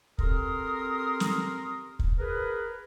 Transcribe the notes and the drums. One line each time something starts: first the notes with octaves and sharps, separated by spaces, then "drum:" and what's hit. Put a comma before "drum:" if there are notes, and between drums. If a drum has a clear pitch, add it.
C4 G4 A4 A#4 C6 D#6, drum: kick
drum: snare
drum: kick
G#4 A#4 B4